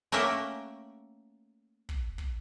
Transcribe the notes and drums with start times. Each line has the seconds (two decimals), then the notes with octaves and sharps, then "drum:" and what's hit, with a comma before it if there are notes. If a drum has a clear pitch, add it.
0.12 A3 A#3 C#4 E5 F#5 G5
1.89 drum: kick
2.18 drum: kick